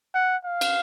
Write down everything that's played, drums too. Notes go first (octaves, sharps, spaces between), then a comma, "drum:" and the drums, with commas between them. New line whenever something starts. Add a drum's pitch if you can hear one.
F#5
F5
drum: cymbal